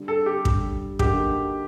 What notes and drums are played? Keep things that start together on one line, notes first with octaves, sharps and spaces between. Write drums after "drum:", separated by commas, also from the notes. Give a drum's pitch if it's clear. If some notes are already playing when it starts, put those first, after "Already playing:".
Already playing: D3 G3 D4
A4
G4
D3 G3 D4, drum: kick
D3 F#3 A#3 D#4 F#4 G4, drum: kick